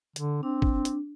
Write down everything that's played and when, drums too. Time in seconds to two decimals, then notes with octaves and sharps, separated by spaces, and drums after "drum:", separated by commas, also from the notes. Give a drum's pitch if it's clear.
0.16 D3, drum: hi-hat
0.43 C4 D4
0.62 drum: kick
0.85 drum: hi-hat